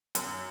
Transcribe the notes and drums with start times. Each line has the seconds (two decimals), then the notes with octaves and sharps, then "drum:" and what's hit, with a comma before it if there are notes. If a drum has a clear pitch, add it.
0.15 F#2, drum: hi-hat